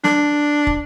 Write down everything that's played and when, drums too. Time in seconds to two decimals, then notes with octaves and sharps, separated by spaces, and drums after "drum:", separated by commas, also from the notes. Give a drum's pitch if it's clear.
0.04 D4, drum: snare
0.67 drum: kick